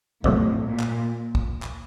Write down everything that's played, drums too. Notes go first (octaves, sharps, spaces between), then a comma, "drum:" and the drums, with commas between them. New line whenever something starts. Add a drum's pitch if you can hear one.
F2 A2 C3 F#3 A3, drum: kick
A#2
drum: clap
drum: kick
drum: clap